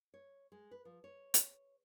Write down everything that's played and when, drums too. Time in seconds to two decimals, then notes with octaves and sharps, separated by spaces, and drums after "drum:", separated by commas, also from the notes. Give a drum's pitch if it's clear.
0.14 C#5
0.52 G#3
0.71 B4
0.85 F3
1.04 C#5
1.34 drum: hi-hat